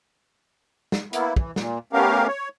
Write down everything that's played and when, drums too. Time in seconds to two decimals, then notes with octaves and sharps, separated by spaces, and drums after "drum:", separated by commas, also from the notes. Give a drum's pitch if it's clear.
0.92 drum: snare
1.13 A#3 B3 E4, drum: hi-hat
1.36 E3, drum: kick
1.56 A#2, drum: snare
1.93 A3 B3 C#4 G4 A#4 F5
2.27 C#5